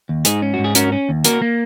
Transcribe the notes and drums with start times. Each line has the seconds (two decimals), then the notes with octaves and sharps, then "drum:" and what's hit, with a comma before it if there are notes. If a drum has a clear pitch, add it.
0.09 D#2
0.25 G#2 D#4 G#4, drum: hi-hat
0.42 C#4
0.54 F#4
0.59 G#2
0.64 G#4
0.75 C#4 F#4 A#4, drum: hi-hat
0.92 C#4
1.09 D#2
1.25 A#3 F#4 A#4, drum: hi-hat
1.42 A#3